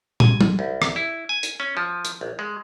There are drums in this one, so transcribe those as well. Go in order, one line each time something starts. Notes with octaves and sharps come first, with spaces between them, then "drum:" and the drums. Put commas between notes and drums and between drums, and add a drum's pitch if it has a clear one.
G#5, drum: tom
drum: tom
C2
drum: rim click
E4
G#5
drum: hi-hat
C#4
F3
drum: hi-hat
A#1
G#3